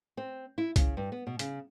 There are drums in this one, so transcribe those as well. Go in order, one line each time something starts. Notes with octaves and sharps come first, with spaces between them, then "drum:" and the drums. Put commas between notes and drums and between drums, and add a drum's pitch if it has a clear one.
C4
E4
C#3, drum: kick C2, hi-hat
G2
B3
B2
C#3, drum: hi-hat